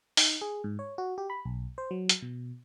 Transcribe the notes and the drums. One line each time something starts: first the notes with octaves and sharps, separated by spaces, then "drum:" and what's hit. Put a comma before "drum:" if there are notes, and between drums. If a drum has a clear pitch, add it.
D#4, drum: open hi-hat
G#4
G#2
C#5
F#4
G4
B5
B1
C5
F#3
drum: hi-hat
B2